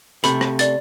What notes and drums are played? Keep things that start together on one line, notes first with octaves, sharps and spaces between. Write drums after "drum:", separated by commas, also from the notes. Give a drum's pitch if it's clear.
C3 A3 B5, drum: hi-hat
drum: rim click
D5 A6, drum: hi-hat